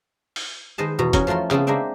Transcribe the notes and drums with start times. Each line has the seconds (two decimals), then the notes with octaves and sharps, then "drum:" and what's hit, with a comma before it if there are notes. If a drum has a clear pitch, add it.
0.36 drum: open hi-hat
0.78 D#3 G#3 B4 C5 D#5 A5
0.99 E2 B2 A#5
1.13 C#4 F#4 G#4 A#4 C#5, drum: kick F1, hi-hat
1.27 F3 A3 F4 A#4 C6
1.50 C#3 B3 C4 A4, drum: clap
1.67 G#3 A#3 D4 C5 E5 G5